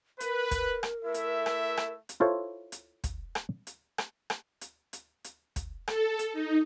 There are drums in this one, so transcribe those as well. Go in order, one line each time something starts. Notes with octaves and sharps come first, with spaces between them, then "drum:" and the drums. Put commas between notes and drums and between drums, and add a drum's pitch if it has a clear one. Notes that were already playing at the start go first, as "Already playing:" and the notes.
A#4 B4, drum: hi-hat
drum: kick, hi-hat
drum: rim click
A3 E4 E5
drum: hi-hat
drum: rim click
drum: rim click
drum: hi-hat
E4 F4 A4 C5 C#5
drum: hi-hat
drum: kick, hi-hat
drum: rim click
drum: hi-hat
drum: rim click
drum: rim click
drum: hi-hat
drum: hi-hat
drum: hi-hat
drum: kick, hi-hat
A4, drum: rim click
drum: hi-hat
D#4